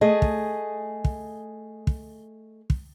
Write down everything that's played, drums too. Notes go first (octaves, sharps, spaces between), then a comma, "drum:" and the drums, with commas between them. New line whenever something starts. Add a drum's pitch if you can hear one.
A3 G#4 D#5
drum: kick
drum: kick
drum: kick
drum: kick